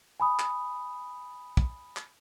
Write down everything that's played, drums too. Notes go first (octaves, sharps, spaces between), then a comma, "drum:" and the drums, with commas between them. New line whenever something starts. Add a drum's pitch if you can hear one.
G#5 B5 D#6
drum: clap
drum: kick
drum: clap